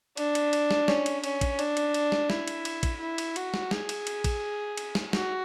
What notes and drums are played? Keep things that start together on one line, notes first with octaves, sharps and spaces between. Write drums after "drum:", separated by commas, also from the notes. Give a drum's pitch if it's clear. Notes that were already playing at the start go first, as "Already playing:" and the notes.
D4, drum: cymbal
drum: cymbal
drum: cymbal
drum: snare
C#4, drum: snare
drum: cymbal
C#4, drum: cymbal
drum: kick, cymbal
D4, drum: cymbal
drum: cymbal
drum: cymbal
drum: snare
E4, drum: snare
drum: cymbal
drum: cymbal
drum: kick, cymbal
E4
drum: cymbal
F#4, drum: cymbal
drum: snare
G#4, drum: snare
drum: cymbal
drum: cymbal
drum: kick, cymbal
drum: cymbal
drum: snare
F#4, drum: snare